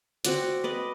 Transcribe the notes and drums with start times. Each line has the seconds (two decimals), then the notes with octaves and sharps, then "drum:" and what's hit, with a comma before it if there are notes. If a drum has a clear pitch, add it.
0.25 C4 F#4 D5, drum: hi-hat
0.64 B4 D5 D#5